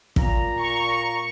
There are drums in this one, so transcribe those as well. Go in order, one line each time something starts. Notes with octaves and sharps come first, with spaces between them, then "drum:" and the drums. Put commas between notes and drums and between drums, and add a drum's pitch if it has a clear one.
A#2 A#5, drum: kick
C#6